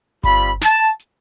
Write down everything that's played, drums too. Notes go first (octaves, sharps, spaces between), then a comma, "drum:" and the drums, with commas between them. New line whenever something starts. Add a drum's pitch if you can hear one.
G3 C4 F4 B5, drum: kick G1, hi-hat
A5, drum: snare
drum: hi-hat